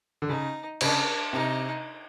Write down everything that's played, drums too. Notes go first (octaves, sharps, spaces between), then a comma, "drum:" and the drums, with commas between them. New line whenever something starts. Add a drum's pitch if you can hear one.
D3
C#3 D#4
C#3 D4, drum: cymbal
C3 D#4